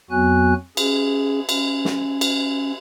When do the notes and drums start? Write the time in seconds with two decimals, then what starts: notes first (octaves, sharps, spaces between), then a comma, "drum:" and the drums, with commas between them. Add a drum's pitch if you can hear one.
0.11 F2 F#3 B3 F#4 G#5 F#6
0.77 C#4 G#4, drum: cymbal
1.49 C#4, drum: cymbal
1.85 drum: snare
2.21 drum: cymbal